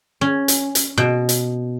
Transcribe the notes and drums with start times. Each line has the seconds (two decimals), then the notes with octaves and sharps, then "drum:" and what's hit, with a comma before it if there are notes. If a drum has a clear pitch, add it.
0.21 C#4
0.48 drum: hi-hat
0.75 drum: hi-hat
0.98 B2
1.29 drum: hi-hat